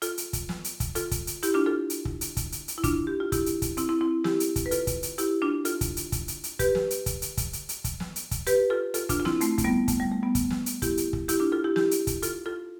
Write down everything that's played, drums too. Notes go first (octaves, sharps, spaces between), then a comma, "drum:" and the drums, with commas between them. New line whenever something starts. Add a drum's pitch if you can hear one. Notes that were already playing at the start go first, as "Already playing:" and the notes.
F4 A4, drum: hi-hat
drum: hi-hat
drum: kick, hi-hat
drum: snare
drum: hi-hat
drum: kick, hi-hat
F4 A4, drum: hi-hat
drum: kick, hi-hat
drum: hi-hat
E4 G4, drum: hi-hat
D4 F4
F4 A4
drum: hi-hat
drum: kick
drum: hi-hat
drum: kick, hi-hat
drum: hi-hat
drum: hi-hat
E4
D4 F4, drum: kick, hi-hat
G4
F4
E4 G4, drum: kick, hi-hat
drum: hi-hat
drum: kick, hi-hat
C4 E4, drum: hi-hat
C4 E4
C4 E4
E4 G4, drum: snare
drum: hi-hat
drum: kick, hi-hat
B4
F4 A4, drum: hi-hat
drum: kick, hi-hat
drum: hi-hat
E4 G4, drum: hi-hat
D4 F4
F4 A4, drum: hi-hat
drum: kick, hi-hat
drum: hi-hat
drum: kick, hi-hat
drum: hi-hat
drum: hi-hat
G4 B4, drum: kick, hi-hat
drum: snare
drum: hi-hat
drum: kick, hi-hat
drum: hi-hat
drum: kick, hi-hat
drum: hi-hat
drum: hi-hat
drum: kick, hi-hat
drum: snare
drum: hi-hat
drum: kick, hi-hat
G4 B4, drum: hi-hat
F4 A4
F4 A4, drum: hi-hat
D4 F4, drum: kick, hi-hat
F4
C4 E4, drum: snare
A3 C4, drum: hi-hat
A3, drum: kick, hi-hat
G3 B3
A3, drum: kick, hi-hat
G3
A3
G3 B3
drum: kick, hi-hat
drum: snare
drum: hi-hat
E4 G4, drum: kick, hi-hat
drum: hi-hat
drum: kick
E4 G4, drum: hi-hat
D4 F4
F4 A4
E4 G4
E4 G4, drum: snare
drum: hi-hat
drum: kick, hi-hat
F4 A4, drum: hi-hat
F4 A4